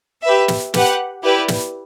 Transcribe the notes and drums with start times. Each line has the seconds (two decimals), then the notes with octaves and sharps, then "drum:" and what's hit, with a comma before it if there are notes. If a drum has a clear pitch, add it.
0.23 G4 B4 E5
0.48 drum: snare
0.74 G4 B4 F#5, drum: snare
1.23 E4 G4 B4 D5
1.48 drum: snare